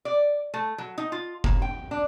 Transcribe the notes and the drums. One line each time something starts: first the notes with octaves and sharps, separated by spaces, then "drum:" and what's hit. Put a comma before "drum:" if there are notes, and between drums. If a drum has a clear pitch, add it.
D5
A3
F#3
D#4
F4
A#3, drum: kick F1
G5
D4